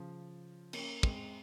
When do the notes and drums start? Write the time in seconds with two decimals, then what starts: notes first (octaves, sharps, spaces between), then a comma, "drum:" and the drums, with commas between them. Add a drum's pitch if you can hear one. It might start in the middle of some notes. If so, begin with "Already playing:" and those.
Already playing: C#3 F3
0.73 A#3 C#4, drum: cymbal
1.03 G#3 C4, drum: kick